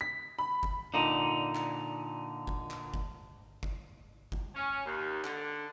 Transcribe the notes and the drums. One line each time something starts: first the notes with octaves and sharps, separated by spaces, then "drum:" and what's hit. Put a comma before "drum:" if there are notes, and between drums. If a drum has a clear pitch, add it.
B6
B5
drum: kick G1
A#2 D3 D#4
drum: clap
drum: kick G1
drum: clap
drum: kick G1
drum: kick G1
drum: kick G1
C#4
D#2
D3, drum: clap